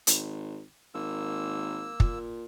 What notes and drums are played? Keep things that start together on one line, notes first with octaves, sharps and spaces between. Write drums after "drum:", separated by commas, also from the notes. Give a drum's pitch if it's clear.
G#1, drum: hi-hat
G#1 A#3 E6
A#2, drum: kick